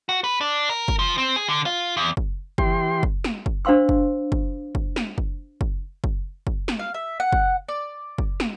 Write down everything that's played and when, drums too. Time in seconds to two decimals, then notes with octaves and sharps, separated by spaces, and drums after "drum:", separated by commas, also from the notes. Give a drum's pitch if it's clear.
0.09 F#4
0.24 B4
0.41 D4
0.69 A#4
0.88 drum: kick
0.99 F3
1.18 C4
1.36 G#4
1.49 D3
1.66 F4
1.97 E2
2.17 drum: kick
2.58 E3 G4 C6, drum: kick
3.03 drum: kick
3.24 drum: snare
3.46 drum: kick
3.65 D4 C5 F5 C6 E6
3.89 drum: kick
4.32 drum: kick
4.75 drum: kick
4.96 drum: snare
5.18 drum: kick
5.61 drum: kick
6.04 drum: kick
6.47 drum: kick
6.68 drum: snare
6.79 F5
6.94 E5
7.20 F#5
7.33 drum: kick
7.69 D5
8.18 drum: kick
8.40 drum: snare